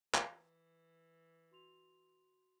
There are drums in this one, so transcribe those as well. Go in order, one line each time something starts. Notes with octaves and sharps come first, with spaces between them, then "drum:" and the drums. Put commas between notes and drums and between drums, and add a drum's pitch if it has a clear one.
E3, drum: clap
F#4 C6 F7